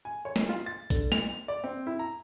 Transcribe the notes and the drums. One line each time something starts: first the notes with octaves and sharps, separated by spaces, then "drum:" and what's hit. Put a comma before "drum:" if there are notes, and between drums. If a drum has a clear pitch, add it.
G#5
C#5
drum: snare
F4
A6
D3, drum: kick A#1, hi-hat
F7, drum: snare
D5
C4
E4
A#5